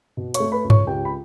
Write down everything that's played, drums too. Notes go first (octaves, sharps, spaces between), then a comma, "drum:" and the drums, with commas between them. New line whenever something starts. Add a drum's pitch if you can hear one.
B2
C#5 C#6, drum: hi-hat
A3
B4 B5
C#2
C#5 C#6, drum: tom G2
C#2 G4 G5
B5